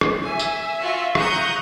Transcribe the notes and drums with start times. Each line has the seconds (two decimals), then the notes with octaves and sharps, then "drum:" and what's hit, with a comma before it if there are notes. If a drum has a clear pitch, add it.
0.01 drum: rim click
0.25 E5 G#5
0.39 drum: tambourine
0.82 F4 F#4
1.15 A#5 C#6 D#6 F#6 G6 D#7, drum: rim click